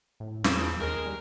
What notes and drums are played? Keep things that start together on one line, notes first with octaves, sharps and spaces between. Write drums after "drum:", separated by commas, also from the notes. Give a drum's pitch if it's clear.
A2
E2 C#3 F3 C4, drum: snare
D#2 G#3 A#4
G3